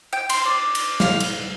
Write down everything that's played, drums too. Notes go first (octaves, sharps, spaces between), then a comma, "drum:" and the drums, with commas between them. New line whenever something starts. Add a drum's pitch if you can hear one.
G5
C6, drum: cymbal
D5
drum: cymbal
F5, drum: snare
drum: cymbal